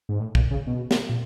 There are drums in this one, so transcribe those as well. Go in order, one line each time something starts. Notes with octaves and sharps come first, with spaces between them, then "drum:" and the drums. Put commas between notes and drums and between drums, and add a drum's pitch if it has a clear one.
G#2
A2
A#2, drum: kick
C#3
B2
drum: snare
A#2